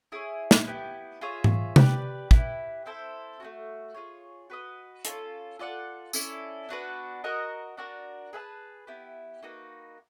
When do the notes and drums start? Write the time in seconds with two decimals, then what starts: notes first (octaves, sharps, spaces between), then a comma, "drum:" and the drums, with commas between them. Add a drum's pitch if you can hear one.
0.12 E4 G#4 C#5
0.51 drum: snare
0.67 B3 E4 G4
1.21 F4 G#4 C#5 E5
1.44 drum: tom G#2
1.76 G4 B4 D5, drum: tom C3
2.31 E4 G4 B4, drum: kick
2.86 C4 E4 A4 C5
3.40 A3 C#4 F#4
3.95 F4 G#4 C#5
4.50 F#4 B4 D#5
5.05 C#4 F4 A4, drum: hi-hat
5.59 F4 A4 D5 F#5
6.13 C#4 E4 A4 D5, drum: tambourine
6.69 B3 D4 F#4 B4
7.24 F#4 A#4 D#5 F#5
7.77 D4 F#4 A#4 D5
8.33 G#4 B4 E5 A5
8.87 B3 E4 G4
9.42 A#3 D#4 F#4 B4